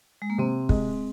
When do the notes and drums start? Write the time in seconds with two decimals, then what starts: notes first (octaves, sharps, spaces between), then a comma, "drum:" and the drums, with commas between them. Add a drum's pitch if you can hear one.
0.22 G#3
0.30 A#3
0.38 C3 C4
0.69 G#3, drum: kick